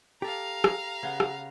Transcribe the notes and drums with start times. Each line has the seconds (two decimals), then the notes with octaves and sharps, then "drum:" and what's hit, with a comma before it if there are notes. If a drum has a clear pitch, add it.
0.22 G4 A4 F5 A#5
0.64 drum: rim click
1.03 C#3 B3
1.20 drum: rim click